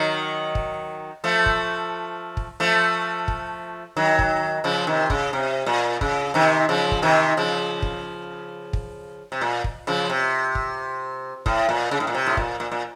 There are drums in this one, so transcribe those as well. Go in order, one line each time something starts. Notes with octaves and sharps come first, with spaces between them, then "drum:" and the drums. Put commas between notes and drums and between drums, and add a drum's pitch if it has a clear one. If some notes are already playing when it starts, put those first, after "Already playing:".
Already playing: D#3 F#3
drum: kick
F3 A3
drum: kick
drum: kick
F3 A3
drum: kick
D#3 F#3
drum: kick
C#3 F3
C3 D#3
C#3, drum: kick
C3
A#2
C#3, drum: kick
C3 D#3
C#3 F3
drum: kick
C3 D#3
C#3 F3
drum: kick
drum: kick
C3
A#2
drum: kick
C#3 F3
C3
drum: kick
A2, drum: kick
A#2
C#3
A2
A#2
C3
A2
A#2, drum: kick
A#2
A#2